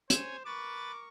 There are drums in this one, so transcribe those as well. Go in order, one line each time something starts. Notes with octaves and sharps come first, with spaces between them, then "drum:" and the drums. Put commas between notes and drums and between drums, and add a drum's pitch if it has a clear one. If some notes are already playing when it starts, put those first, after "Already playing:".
C5 C#5 G#5 E7, drum: hi-hat
A#4 B4 C#6 D6 A6